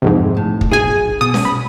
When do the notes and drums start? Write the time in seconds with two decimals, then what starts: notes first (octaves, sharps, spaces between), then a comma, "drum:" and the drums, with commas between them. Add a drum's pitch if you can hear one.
0.02 C2 F2 G#2
0.37 A2
0.61 drum: kick
0.71 B1 G#4 G#5
1.21 B2 D#6
1.34 drum: snare C#4
1.45 B5